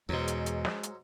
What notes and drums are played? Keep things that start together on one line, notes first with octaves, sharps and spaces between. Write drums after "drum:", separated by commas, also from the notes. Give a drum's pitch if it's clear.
E2 G#2 B2 F#3 G#3
drum: hi-hat
drum: hi-hat
drum: snare
drum: hi-hat